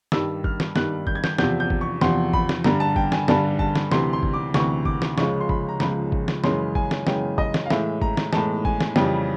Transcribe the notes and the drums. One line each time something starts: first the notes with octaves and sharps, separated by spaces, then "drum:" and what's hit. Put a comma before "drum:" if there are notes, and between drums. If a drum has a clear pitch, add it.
G2 D#3 G3 E6, drum: snare
F6, drum: kick
drum: snare
G2 D#3 G3 F#6, drum: snare
G6, drum: kick
G#6
G6, drum: snare
E2 C3 F3 G6, drum: snare
G6
drum: kick
C#6
E2 C3 F3 C6, drum: snare
B5, drum: kick
drum: snare
G2 D3 G3 A#5, drum: snare
A5
G5, drum: kick
G#5, drum: snare
G2 D3 G3 A5, drum: snare
A5, drum: kick
drum: snare
D2 C3 E3 C6, drum: snare
C6
drum: kick
D6
D2 C3 E3 C#6, drum: snare
D6, drum: kick
drum: snare
C#2 C#3 F3 G#3 C#6, drum: snare
C6
B5, drum: kick
A#5
C#2 C#3 F3 G#3 B5, drum: snare
drum: kick
drum: snare
F#2 C#3 E3 G#3 C6, drum: snare
G#5, drum: kick
drum: snare
F#2 C#3 E3 G#3 G5, drum: snare
D#5, drum: kick
drum: snare
F5
A2 E3 G#3 E5, drum: snare
A#5, drum: kick
drum: snare
A2 E3 G#3 A5, drum: snare
G#5, drum: kick
drum: snare
F2 C#3 E3 G3 G5, drum: snare